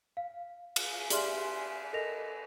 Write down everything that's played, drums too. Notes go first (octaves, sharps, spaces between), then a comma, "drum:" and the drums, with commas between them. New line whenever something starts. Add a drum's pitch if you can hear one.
F5
drum: cymbal
G4 G#4 D5 E5 C6 F6, drum: hi-hat
A4 A#4 D#5 A#6 F7